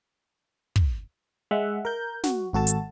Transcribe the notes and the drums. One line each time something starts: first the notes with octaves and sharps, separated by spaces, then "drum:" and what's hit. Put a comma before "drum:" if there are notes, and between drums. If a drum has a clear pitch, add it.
drum: kick
G#3 E5 F#5
A#4 G6
F#4, drum: snare
G#1 F#4 A4 A5
drum: hi-hat